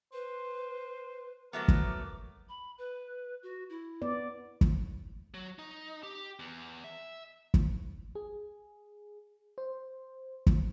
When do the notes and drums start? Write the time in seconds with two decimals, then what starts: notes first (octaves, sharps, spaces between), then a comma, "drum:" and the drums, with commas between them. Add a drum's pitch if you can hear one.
0.13 B4 C5
1.53 F#3 A3 B3 A#4 D6
1.68 drum: kick
2.49 B5
2.78 B4
3.43 F#4
3.70 E4
4.02 B3 D5
4.61 drum: kick
5.34 F#3
5.59 D#4
6.03 G4
6.39 E2
6.84 E5
7.54 drum: kick
8.15 G#4
9.58 C5
10.46 drum: kick